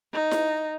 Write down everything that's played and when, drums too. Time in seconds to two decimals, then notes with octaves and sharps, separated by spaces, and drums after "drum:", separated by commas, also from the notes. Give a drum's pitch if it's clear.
0.13 D#4
0.31 drum: snare E4